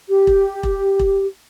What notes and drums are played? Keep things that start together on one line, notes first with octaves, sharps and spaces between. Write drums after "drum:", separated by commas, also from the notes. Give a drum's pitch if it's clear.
G4
drum: kick E1
drum: kick E1
drum: kick E1